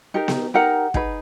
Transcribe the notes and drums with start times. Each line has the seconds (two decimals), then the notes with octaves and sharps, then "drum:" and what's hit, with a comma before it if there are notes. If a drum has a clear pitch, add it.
0.14 D#4 G4 A#4
0.28 drum: snare B3
0.54 D#4 G4 A#4 F#5
0.94 D#4 G#4 B4, drum: kick